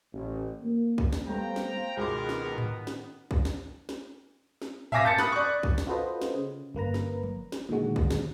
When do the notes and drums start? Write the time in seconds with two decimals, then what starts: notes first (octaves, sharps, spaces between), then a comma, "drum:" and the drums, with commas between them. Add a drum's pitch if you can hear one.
0.14 A1
0.62 A#3
0.98 drum: kick
1.13 drum: snare
1.27 G3 A3 B3 C5 F5 G5 A#5
1.56 drum: snare
1.97 C#2 B2 D#3 B3 G#4 A#4 C6 D6
2.29 drum: snare
2.58 drum: tom G#2
2.87 drum: snare
3.31 drum: kick
3.45 drum: snare
3.89 drum: snare
4.62 drum: snare
4.92 E5 F5 G#5 D6 A#6 B6, drum: tom G#2
5.04 A5 G6 A6 C#7
5.18 B5 D#6 F#6, drum: snare
5.32 D5 C#6
5.63 drum: kick
5.78 drum: snare
5.87 F4 F#4 A4 B4 C5 D#5
6.22 drum: snare
6.35 C#3
6.75 G1 A#3 B4 A#5
6.94 drum: snare
7.23 drum: tom F3
7.52 drum: snare
7.69 A#2 D3 D#3 G#3 F#4
7.96 drum: kick
8.11 drum: snare